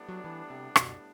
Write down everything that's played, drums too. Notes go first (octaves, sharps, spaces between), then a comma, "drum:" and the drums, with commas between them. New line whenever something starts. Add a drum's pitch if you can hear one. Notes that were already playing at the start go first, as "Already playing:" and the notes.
Already playing: A2 G3 B3 D4
F#3
E3
C3
B2, drum: rim click